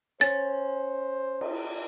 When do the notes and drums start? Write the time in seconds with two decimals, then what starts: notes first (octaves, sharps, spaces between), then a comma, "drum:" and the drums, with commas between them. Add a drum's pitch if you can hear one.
0.21 C#4 C5 A6, drum: hi-hat
1.41 drum: cymbal